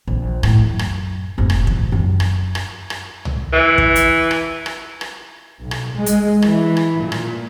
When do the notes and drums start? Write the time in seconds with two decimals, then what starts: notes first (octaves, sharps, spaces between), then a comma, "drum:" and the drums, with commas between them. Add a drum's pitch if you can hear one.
0.07 A#1
0.43 A2, drum: rim click
0.64 F#2
0.79 drum: rim click
1.38 F1 G#2
1.50 drum: rim click
1.67 A#2 F3, drum: kick
1.92 F#2
2.20 drum: rim click
2.55 drum: rim click
2.90 drum: rim click
3.25 drum: tom
3.53 E3
3.78 drum: kick
3.96 drum: hi-hat
4.31 drum: rim click
4.66 drum: rim click
5.01 drum: rim click
5.59 B1
5.71 drum: rim click
5.94 G#3
6.06 drum: hi-hat
6.42 E3, drum: rim click
6.77 drum: rim click
6.99 A#2
7.12 drum: rim click